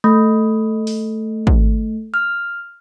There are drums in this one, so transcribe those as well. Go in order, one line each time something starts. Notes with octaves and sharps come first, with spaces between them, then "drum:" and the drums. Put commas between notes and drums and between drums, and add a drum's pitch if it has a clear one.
A3
drum: open hi-hat
drum: kick
F6